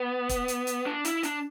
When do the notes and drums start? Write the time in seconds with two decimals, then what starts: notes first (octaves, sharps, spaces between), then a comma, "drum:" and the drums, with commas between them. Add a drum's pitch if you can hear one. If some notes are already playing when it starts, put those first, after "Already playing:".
Already playing: B3
0.29 drum: kick, hi-hat
0.48 drum: hi-hat
0.67 drum: hi-hat
0.86 D4
1.05 E4, drum: hi-hat
1.23 D4, drum: hi-hat